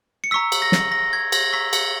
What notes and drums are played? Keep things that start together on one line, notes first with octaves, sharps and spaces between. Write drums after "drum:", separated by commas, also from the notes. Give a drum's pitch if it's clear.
C#7
A#5 C#6 E6 B6
drum: cymbal
A#6
drum: snare
A#6
G#6
A#6, drum: cymbal
A#5 C#6 E6 B6
C#7, drum: cymbal